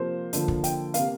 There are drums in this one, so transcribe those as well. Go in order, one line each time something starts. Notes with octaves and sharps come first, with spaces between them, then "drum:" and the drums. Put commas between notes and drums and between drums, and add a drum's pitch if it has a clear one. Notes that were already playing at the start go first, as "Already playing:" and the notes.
Already playing: C3 F3 A#3 C5
D3 F3 A#3, drum: hi-hat
drum: kick
G5, drum: hi-hat
C3 A#3 F5, drum: hi-hat